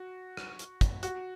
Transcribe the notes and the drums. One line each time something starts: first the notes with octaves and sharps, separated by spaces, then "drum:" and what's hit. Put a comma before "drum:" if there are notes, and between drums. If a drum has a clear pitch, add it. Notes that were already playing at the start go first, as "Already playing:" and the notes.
Already playing: F#4
drum: rim click
drum: hi-hat
drum: kick, hi-hat
F#4, drum: hi-hat